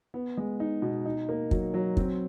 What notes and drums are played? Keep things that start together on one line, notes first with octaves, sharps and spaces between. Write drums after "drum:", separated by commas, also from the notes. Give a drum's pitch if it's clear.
B3
G#3
D#4
B2
D#4
A#3
F#3, drum: kick
F#3
C4, drum: kick